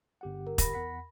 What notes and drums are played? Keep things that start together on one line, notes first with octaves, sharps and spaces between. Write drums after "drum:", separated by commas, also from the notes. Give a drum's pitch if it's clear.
G1 G4 F#5
A#4
B5 A#6, drum: kick E1, hi-hat
E2 F#5 B6